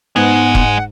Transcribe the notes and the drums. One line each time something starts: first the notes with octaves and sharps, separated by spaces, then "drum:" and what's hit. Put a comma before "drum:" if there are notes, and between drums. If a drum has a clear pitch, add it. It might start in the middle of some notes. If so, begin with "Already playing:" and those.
G#2 B3 D#5 F#5 G#5
drum: kick F1